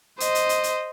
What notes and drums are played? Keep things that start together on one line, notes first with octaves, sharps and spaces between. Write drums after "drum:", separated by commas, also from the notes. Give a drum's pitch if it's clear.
C5 D#5, drum: hi-hat
drum: hi-hat
drum: hi-hat
drum: hi-hat